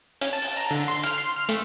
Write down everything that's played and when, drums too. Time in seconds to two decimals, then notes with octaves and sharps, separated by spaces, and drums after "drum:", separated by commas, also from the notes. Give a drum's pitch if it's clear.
0.21 C#4, drum: hi-hat
0.33 A5
0.42 drum: open hi-hat
0.57 A#5
0.71 D3
0.88 C6
1.03 F6, drum: hi-hat
1.18 C6
1.36 F6
1.49 A3, drum: hi-hat